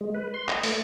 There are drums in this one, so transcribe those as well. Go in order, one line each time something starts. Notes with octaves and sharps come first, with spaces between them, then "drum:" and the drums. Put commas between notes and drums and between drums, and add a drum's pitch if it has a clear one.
G#3
B4
C6
D#5, drum: clap
A3, drum: open hi-hat